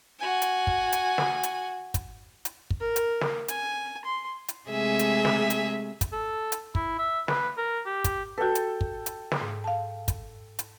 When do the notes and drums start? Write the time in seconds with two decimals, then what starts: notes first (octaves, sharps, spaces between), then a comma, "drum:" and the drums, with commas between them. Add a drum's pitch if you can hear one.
0.19 F#4 G#5
0.42 drum: hi-hat
0.67 drum: kick
0.92 drum: hi-hat
1.18 drum: snare
1.43 drum: hi-hat
1.94 drum: kick, hi-hat
2.45 drum: hi-hat
2.70 drum: kick
2.80 A#4
2.96 drum: hi-hat
3.21 drum: snare
3.48 G#5, drum: hi-hat
4.05 C6
4.48 drum: hi-hat
4.67 C3 G#3 A3 G#4 E5 G#5
4.99 drum: hi-hat
5.25 drum: snare
5.50 drum: hi-hat
6.01 drum: kick, hi-hat
6.12 A4
6.52 drum: hi-hat
6.75 E4, drum: kick
6.98 E5
7.28 B4, drum: snare
7.57 A#4
7.86 G4
8.04 drum: kick, hi-hat
8.38 F#4 A4 B4 G5
8.55 drum: hi-hat
8.81 drum: kick
9.06 drum: hi-hat
9.32 drum: snare
9.41 G#2
9.64 F5 A5
10.08 drum: kick, hi-hat
10.59 drum: hi-hat